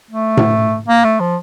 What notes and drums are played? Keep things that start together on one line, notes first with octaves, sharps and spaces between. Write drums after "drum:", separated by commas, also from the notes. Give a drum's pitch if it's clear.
A3
drum: tom A2
A#3
A3
F3